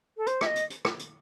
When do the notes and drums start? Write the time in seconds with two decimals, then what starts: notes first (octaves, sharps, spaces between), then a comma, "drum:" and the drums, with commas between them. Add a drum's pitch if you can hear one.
0.17 A4
0.26 C5, drum: hi-hat
0.41 E5, drum: rim click
0.46 D#5
0.56 drum: hi-hat
0.70 drum: hi-hat
0.85 drum: rim click
0.99 drum: hi-hat